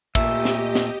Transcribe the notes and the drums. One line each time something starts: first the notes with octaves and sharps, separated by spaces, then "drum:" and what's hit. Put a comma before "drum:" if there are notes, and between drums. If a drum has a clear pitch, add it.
A#2 A3 G4 D#5 E5, drum: kick, cymbal
drum: snare
drum: snare